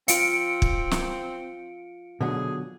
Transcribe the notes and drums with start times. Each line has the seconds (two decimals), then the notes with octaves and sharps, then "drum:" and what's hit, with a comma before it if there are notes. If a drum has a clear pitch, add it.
0.08 C4 F4 F5 C#7 D7, drum: hi-hat
0.62 drum: kick
0.91 drum: snare
2.21 B2 D3 F#3 G#4